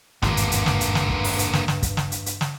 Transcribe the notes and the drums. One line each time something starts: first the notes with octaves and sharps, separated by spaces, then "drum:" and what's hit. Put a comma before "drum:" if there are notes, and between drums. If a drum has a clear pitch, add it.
G#1 E2 G2 B2 D3 A#3, drum: snare
drum: hi-hat
drum: hi-hat
drum: snare
drum: hi-hat
drum: snare
drum: kick
drum: open hi-hat
drum: hi-hat
drum: snare
drum: snare
drum: kick, hi-hat
drum: snare
drum: hi-hat
drum: hi-hat
drum: snare